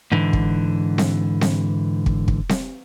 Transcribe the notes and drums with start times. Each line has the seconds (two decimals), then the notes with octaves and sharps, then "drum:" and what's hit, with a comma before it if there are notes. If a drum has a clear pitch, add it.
0.12 G#2 D3 E3
0.33 drum: kick
0.98 drum: snare C4
1.41 drum: snare C4
2.06 drum: kick
2.28 drum: kick
2.49 drum: snare C4